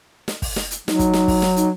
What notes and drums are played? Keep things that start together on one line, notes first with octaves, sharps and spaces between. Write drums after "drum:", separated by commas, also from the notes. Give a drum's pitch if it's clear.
drum: snare
drum: kick, open hi-hat
drum: snare
drum: hi-hat
F#3 D#4, drum: snare
drum: kick, hi-hat
drum: snare
drum: kick, open hi-hat
drum: snare
D#4, drum: hi-hat